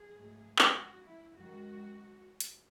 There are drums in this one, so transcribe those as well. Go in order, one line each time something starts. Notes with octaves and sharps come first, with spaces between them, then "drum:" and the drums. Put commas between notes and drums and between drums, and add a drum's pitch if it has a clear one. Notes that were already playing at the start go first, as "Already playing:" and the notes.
Already playing: G#4
G#2 F#3 A3
drum: clap
F#4
E4
F#2 D#3 G#3 F#4
drum: hi-hat